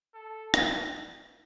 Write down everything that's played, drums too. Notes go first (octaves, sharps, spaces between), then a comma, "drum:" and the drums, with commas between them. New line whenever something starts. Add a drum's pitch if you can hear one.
A4
drum: rim click